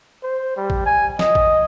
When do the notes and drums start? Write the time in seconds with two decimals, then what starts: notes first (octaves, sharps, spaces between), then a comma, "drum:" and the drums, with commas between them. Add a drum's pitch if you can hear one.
0.23 C5
0.57 G3
0.70 drum: kick
0.86 G#5
1.19 D#5, drum: snare
1.35 drum: kick